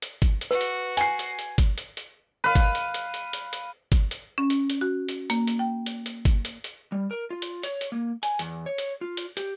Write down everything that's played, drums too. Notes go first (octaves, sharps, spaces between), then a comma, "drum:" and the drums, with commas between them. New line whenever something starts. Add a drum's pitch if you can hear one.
drum: hi-hat
drum: kick G1, hi-hat
drum: hi-hat
F#4 B4
drum: hi-hat
G#5 C7, drum: hi-hat
drum: hi-hat
drum: hi-hat
drum: kick G1, hi-hat
drum: hi-hat
drum: hi-hat
B4 F5
drum: kick G1, hi-hat
drum: hi-hat
drum: hi-hat
drum: hi-hat
drum: hi-hat
drum: hi-hat
drum: kick G1, hi-hat
drum: hi-hat
C#4
drum: hi-hat
drum: hi-hat
F#4
drum: hi-hat
A#3, drum: hi-hat
drum: hi-hat
G5
drum: hi-hat
drum: hi-hat
drum: kick G1, hi-hat
drum: hi-hat
drum: hi-hat
G3
A#4
F4
drum: hi-hat
C#5, drum: hi-hat
drum: hi-hat
A#3
G#5, drum: hi-hat
E2, drum: hi-hat
C#5
drum: hi-hat
F4
drum: hi-hat
G4, drum: hi-hat